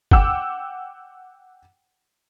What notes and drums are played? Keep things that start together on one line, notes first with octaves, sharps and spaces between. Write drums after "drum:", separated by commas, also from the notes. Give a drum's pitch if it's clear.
F#5 G5 D6 E6, drum: kick G1